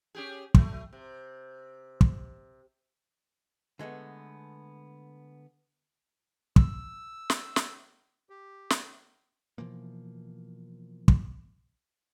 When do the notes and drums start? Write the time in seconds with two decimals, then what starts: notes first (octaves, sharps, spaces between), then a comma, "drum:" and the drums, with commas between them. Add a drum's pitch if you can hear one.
0.15 C#4 G4 G#4
0.55 F#3 A3, drum: kick
0.93 C3
2.01 drum: kick
3.79 D3 G#3 A3 B3
6.56 E6, drum: kick
7.30 drum: snare
7.56 drum: snare
8.30 G4
8.70 drum: snare
9.58 B2 E3 F3 A#3
11.08 drum: kick